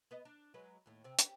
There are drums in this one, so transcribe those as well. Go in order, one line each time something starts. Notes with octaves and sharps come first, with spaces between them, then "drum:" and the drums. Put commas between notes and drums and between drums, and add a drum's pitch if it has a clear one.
B3 B4 D#5
D4
F#3 G#3 B4
D#2 A2
C3 C4
G4, drum: hi-hat